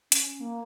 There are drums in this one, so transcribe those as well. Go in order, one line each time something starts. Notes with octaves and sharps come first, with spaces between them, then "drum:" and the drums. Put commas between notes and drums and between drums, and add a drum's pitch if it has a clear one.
C#4, drum: hi-hat
A#3